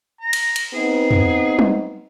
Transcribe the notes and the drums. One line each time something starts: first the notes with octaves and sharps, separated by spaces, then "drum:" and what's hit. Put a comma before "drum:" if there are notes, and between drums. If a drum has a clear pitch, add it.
A#5
drum: cymbal
drum: cymbal
B3 C4 D#4 G#4
drum: tom
drum: tom